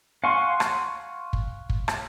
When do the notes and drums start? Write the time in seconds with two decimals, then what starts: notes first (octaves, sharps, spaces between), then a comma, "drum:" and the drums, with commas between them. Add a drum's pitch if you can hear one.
0.24 F5 F#5 G#5 C6 C#6
0.60 drum: rim click
1.33 drum: kick
1.70 drum: kick
1.88 drum: rim click